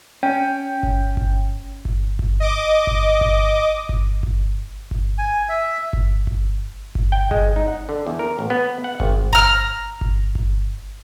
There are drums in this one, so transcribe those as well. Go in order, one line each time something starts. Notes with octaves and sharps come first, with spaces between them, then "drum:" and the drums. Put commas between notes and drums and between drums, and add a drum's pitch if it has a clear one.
C#4 G5
drum: kick G1
drum: kick G1
drum: kick G1
drum: kick G1
D#5 D6
drum: kick G1
drum: kick G1
drum: kick G1
drum: kick G1
drum: kick G1
G#5
E5
drum: kick G1
drum: kick G1
drum: kick G1
G5
G#3, drum: kick G1
D#4
F#5
D3
E2
A#4
A1
B3
F#5
G#1, drum: kick G1
A#5 F6, drum: kick G1
drum: kick G1
drum: kick G1